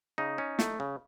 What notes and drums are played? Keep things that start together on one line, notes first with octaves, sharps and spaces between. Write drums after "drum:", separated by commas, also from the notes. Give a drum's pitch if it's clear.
C#3 D#4
C#4
A3, drum: snare
C#3